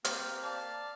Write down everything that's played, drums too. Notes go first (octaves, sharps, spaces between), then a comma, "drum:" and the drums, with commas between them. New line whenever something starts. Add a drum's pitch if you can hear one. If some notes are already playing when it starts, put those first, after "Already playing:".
A#3 C4 G4 F6, drum: hi-hat
D5 F5 A5